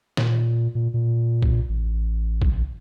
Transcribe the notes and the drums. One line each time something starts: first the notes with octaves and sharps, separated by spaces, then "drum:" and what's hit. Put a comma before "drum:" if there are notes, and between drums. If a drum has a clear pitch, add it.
A#2, drum: snare
A#2
A#2
drum: kick B1
A1
drum: kick B1